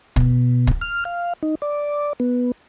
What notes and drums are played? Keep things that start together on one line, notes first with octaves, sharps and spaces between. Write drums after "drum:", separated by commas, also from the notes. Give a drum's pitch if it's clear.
B2, drum: kick
drum: kick
F6
F5
D#4
D5
B3